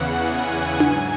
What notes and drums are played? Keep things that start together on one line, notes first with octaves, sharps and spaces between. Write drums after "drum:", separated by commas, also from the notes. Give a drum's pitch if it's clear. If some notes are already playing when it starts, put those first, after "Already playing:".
Already playing: E2 C#3 E3 F#5
G#5
G#2 F#3, drum: tom D4